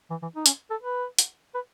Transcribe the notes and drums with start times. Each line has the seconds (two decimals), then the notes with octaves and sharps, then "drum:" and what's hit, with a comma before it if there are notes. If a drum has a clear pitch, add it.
0.10 E3
0.22 E3
0.36 D#4
0.46 C#4, drum: hi-hat
0.70 A4
0.83 B4
1.19 drum: hi-hat
1.55 B4